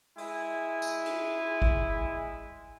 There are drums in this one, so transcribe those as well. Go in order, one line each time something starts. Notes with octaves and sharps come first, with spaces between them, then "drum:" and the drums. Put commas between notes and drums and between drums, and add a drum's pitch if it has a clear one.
G#3 E4 G#5, drum: open hi-hat
drum: tambourine
drum: cymbal
drum: kick